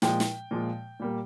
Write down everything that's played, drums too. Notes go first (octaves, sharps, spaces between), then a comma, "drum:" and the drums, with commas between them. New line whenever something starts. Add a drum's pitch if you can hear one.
A#2 F3 G#3 G5, drum: snare
drum: snare
A#2 F3 G#3
A#2 G3 A#3